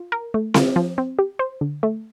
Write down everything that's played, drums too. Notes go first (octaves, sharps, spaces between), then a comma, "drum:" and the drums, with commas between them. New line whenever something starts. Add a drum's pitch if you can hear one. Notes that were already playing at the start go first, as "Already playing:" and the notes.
Already playing: F4
A#4
A3
F4, drum: snare C4
F3
C4
G4
C5
D3
A3